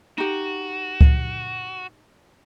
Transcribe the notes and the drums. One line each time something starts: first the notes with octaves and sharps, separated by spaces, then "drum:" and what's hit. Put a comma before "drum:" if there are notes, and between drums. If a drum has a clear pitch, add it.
D#4 F#4 G4
drum: kick C#2